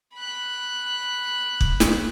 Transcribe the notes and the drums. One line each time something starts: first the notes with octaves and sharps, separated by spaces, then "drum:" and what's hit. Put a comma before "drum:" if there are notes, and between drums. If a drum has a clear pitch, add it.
B5 F#6
drum: kick
drum: snare